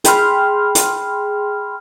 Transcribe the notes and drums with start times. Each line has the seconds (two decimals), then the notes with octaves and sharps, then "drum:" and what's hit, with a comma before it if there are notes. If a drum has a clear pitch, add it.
0.04 G#4 G5 B5 C6 F6, drum: hi-hat
0.75 drum: hi-hat